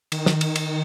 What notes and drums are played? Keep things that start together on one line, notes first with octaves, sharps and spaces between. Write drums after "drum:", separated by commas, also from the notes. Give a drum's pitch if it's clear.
D#3, drum: cymbal
drum: snare
drum: cymbal
drum: cymbal